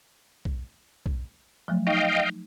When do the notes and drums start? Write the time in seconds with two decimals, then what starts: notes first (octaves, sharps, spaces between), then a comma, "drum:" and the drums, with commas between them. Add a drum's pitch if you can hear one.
0.45 drum: kick B1
1.06 drum: kick B1
1.68 F3 F#3 A3
1.87 D#4 D#5 F5 G5